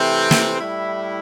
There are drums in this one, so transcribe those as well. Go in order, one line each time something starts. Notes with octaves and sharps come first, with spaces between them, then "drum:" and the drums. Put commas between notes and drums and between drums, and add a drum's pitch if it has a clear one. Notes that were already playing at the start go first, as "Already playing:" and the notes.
Already playing: C3 E3 A3 C4
drum: snare
A2 G3 E4